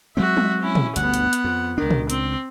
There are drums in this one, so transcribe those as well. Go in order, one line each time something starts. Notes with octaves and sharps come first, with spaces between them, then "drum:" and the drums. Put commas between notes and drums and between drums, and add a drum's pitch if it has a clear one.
F#3 G#3 C4 F#4 E5
drum: tom G3
C#4 E4
drum: tom A#2
G1 D2 G2 B3 F#5, drum: hi-hat
drum: hi-hat
drum: hi-hat
F2
C#2 D#3 D4
drum: tom A#2
C4, drum: hi-hat